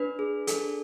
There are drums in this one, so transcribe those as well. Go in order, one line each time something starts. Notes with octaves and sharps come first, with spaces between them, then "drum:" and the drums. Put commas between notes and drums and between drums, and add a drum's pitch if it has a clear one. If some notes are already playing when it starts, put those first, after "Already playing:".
Already playing: D4 B4
G#4
D4 A4, drum: hi-hat